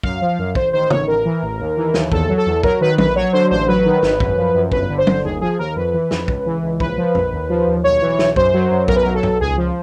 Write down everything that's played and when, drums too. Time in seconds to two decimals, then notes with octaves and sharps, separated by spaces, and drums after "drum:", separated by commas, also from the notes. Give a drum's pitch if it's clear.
0.03 F#2 F5, drum: kick
0.21 F3
0.39 F#2
0.55 A1 C5, drum: kick
0.73 D#3 C5
0.90 A1 C#5, drum: tom
1.07 A1 A#4
1.25 E3
1.43 A1
1.60 D#2
1.77 E3
1.94 D#2, drum: snare
2.12 E2 A4, drum: kick
2.29 F#3
2.37 A4
2.46 E2
2.63 F#3 A#4, drum: kick
2.81 D#3 B4
2.98 A#1 B4, drum: tom
3.16 F#3 C#5
3.33 D3 C5
3.51 A1 C5
3.68 F#3 B4
3.86 D#3
4.03 G#1, drum: snare
4.20 F#2, drum: kick
4.37 F3
4.55 F#2
4.72 G1 B4, drum: kick
4.89 D3
4.98 C5
5.07 G1, drum: tom
5.24 D#2 G#4
5.41 F3 G#4
5.59 D#2 A#4
5.76 F2 B4
5.94 E3
6.11 F2, drum: snare
6.28 C#2, drum: kick
6.46 E3
6.63 C#2
6.80 A#1 B4, drum: kick
6.97 F3
7.15 A#1, drum: tom F2
7.33 D#2
7.50 F3
7.67 D#2
7.84 B1 C#5
8.02 E3
8.19 B1, drum: snare
8.36 F#2 C5, drum: kick
8.54 F#3
8.71 F#2
8.88 B1 A#4, drum: kick
8.96 B4
9.02 F#3 A#4
9.15 A4
9.23 B1, drum: tom G2
9.40 C#2 G#4
9.57 F3